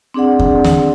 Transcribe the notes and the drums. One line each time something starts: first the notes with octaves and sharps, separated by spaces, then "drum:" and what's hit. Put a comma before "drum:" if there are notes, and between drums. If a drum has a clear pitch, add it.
C4 D4 G#4 D5 F#5
drum: kick E2
drum: snare